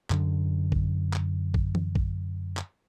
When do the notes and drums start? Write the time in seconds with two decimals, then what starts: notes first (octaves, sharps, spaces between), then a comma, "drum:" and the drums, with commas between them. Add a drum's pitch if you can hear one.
0.10 F#2 D3, drum: clap
0.72 drum: kick
1.13 drum: clap
1.54 drum: kick
1.75 drum: tom E3
1.95 drum: kick
2.57 drum: clap